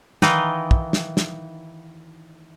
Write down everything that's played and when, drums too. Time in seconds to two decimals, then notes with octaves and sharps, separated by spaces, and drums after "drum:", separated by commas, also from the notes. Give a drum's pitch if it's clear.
0.22 D#3 E3 D#4 F4, drum: snare
0.71 drum: kick
0.93 drum: snare
1.17 drum: snare